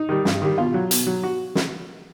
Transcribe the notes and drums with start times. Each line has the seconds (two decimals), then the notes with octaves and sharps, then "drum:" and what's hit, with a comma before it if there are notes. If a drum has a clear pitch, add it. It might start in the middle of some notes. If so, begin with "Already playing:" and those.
Already playing: D#4
0.09 D#3 G3
0.25 G2, drum: snare
0.42 D#3 G3
0.58 B2 F4
0.74 F#3
0.91 B2, drum: hi-hat
1.07 F#3
1.23 F#4
1.55 drum: snare